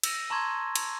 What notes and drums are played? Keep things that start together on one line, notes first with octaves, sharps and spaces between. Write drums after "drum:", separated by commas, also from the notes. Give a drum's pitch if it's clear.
E6 A#6 D#7, drum: cymbal
A5 A#5 C6 C#6 G#6
drum: cymbal